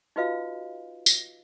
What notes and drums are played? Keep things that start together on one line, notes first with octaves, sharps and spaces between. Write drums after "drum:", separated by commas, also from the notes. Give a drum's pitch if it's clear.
D#4 F4 F#4 B4 D#5 F5
drum: tambourine